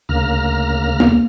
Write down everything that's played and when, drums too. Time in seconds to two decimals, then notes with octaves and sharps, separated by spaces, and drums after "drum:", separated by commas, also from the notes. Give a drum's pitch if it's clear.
0.09 D2 C#3 A#3 A#5 F6
1.00 drum: tom A#3